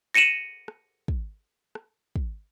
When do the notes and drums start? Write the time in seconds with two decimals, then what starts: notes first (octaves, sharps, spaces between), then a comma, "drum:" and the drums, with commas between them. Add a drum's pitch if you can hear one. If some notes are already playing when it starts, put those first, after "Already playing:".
0.14 A#6 C#7 D#7 E7 F#7
0.68 drum: rim click
1.08 drum: kick
1.75 drum: rim click
2.16 drum: kick